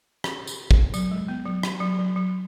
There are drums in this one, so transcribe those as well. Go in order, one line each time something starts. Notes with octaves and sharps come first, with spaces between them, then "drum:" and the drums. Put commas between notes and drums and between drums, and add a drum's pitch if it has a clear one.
drum: rim click
drum: tambourine
drum: kick
F#3, drum: tambourine
G#3
B3
F#3
drum: rim click
F#3
F#3
F#3